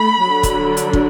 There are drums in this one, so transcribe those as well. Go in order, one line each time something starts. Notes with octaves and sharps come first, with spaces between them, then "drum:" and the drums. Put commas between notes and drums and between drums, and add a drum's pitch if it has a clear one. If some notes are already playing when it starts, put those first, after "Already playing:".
Already playing: A3 B5
D3 F#3 D4
drum: kick, hi-hat
drum: hi-hat
drum: kick